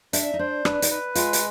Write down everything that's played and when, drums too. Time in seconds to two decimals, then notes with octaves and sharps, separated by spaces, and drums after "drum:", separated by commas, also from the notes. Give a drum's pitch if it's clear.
0.13 D4 E5, drum: hi-hat
0.34 D#4
0.39 D4 C5
0.65 D4 B4, drum: rim click
0.82 D#4, drum: hi-hat
0.90 B4
1.15 G#3 F4, drum: hi-hat
1.33 drum: hi-hat